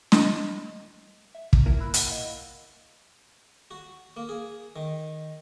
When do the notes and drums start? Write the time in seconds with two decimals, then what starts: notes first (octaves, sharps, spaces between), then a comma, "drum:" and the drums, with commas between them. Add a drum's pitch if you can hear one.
0.12 D#5, drum: snare
1.35 E5
1.53 drum: kick
1.66 A#3 E4
1.80 B5 E6 F#6
1.94 F#5, drum: hi-hat
2.10 D#5 F5
3.71 F#4
4.17 A#3
4.29 G#4
4.76 D#3